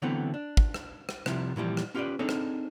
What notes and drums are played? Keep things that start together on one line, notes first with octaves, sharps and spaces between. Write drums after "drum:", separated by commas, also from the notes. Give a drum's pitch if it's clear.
D3 E3 F#3 A3 B3 C4
D4
drum: kick
drum: rim click
drum: rim click
C2 C3 F3 G3 E4, drum: rim click
A#2 E3 F3 G3
drum: rim click
C#4 F4 G4 A#4 B4 D5
C4 D4 D#4 G#4 A4 C#5
drum: rim click